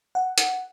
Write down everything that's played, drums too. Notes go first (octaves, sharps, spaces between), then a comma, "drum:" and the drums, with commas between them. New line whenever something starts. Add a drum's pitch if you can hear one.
F#5
drum: hi-hat